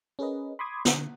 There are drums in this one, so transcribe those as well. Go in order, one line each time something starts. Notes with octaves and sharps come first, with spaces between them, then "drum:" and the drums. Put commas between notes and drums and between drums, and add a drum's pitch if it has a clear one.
C#4 G#4 A#4 B4 D#5
B5 C6 D6 D#6 G#6
D3, drum: snare